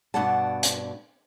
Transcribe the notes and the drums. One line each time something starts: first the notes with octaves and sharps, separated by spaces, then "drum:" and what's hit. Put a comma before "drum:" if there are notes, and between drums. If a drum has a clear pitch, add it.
G2 B2 B3 D5 F#5 A5
drum: hi-hat